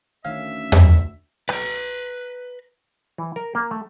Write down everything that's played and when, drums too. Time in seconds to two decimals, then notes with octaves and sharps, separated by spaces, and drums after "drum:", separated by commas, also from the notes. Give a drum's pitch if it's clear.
0.25 D2 D#3 C#4 E5 F5
0.72 drum: tom E2
1.49 B4 A#5, drum: rim click
3.18 E3
3.36 A#4
3.55 A#3
3.71 A3